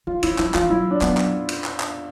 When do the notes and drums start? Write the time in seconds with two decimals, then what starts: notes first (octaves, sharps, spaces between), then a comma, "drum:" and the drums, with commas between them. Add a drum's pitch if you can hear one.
0.07 D#3 F4
0.23 E3 E4, drum: cymbal
0.38 F3 E4, drum: clap
0.54 E3 F4, drum: clap
0.70 F#3 E4
0.91 D4
1.01 F#3 B3, drum: clap
1.17 drum: clap
1.49 drum: cymbal
1.64 drum: clap
1.80 drum: clap